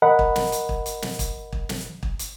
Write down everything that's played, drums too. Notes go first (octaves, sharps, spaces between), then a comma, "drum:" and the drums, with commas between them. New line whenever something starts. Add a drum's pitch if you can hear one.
A#4 D#5 F#5 B5
drum: kick
drum: snare
drum: hi-hat
drum: kick
drum: hi-hat
drum: snare
drum: kick, hi-hat
drum: kick
drum: snare
drum: kick
drum: hi-hat